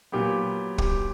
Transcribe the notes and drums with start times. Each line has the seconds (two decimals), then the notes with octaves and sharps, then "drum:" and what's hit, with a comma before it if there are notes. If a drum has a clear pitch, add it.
0.12 A#2 F#3 B3 G4
0.78 G4, drum: kick